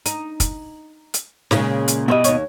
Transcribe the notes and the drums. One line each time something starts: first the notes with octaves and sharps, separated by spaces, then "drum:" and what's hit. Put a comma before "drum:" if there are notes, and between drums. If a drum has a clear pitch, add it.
D#4, drum: hi-hat
drum: kick, hi-hat
drum: hi-hat
A#2 C#3 G#3, drum: snare
drum: hi-hat
B2 G3 E4 C5 D#5
D#2 C#5, drum: hi-hat